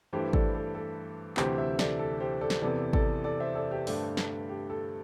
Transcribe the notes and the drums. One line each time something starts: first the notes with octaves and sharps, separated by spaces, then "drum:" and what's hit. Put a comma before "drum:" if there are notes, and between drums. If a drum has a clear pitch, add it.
G2 E3 A3 E4 G4 C5
A4 D5, drum: kick G#1
A4
A4
D2 C3 E3 G4 C5, drum: clap
C5 E5
A4 D5, drum: snare
A4
G4 C5
A4 D5
drum: snare
E2 C3 E3 A4 D5
A4 D5, drum: kick G#1
A4 D5
C5 E5
A4 D5
G4 C5
G2 D3 A3 D4, drum: open hi-hat
drum: snare
G4
A4